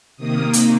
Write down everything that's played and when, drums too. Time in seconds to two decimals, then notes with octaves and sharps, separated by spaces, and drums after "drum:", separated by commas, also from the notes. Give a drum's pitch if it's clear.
0.17 C3 D#3 A#3 D#6
0.53 drum: hi-hat